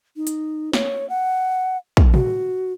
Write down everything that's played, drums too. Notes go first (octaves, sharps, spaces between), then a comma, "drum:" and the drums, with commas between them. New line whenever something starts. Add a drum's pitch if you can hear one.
D#4
drum: hi-hat
C#5, drum: snare
F#5
drum: kick
F#4, drum: tom